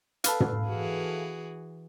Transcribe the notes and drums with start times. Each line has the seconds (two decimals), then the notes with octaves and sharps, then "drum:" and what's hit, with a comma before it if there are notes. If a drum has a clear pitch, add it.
0.24 A4 B4 F5, drum: hi-hat
0.40 drum: tom
0.67 E3 F#4 G#4